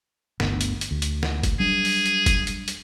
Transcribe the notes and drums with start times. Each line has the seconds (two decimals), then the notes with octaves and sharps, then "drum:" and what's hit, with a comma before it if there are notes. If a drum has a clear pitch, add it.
0.40 G1 D2 B3, drum: snare
0.61 drum: hi-hat
0.81 drum: hi-hat
0.91 D2
1.02 drum: hi-hat
1.23 drum: snare
1.43 drum: kick, hi-hat
1.60 F#3 G3 D4 G#4
1.85 drum: open hi-hat
2.06 drum: hi-hat
2.26 drum: kick, hi-hat
2.47 drum: hi-hat
2.68 drum: hi-hat